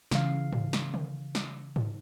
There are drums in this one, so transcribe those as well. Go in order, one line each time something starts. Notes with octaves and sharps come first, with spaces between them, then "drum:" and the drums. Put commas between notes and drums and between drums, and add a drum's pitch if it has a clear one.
C#3 E3 F5, drum: snare
drum: tom G#2
drum: snare
drum: tom D3
drum: snare
drum: tom G#2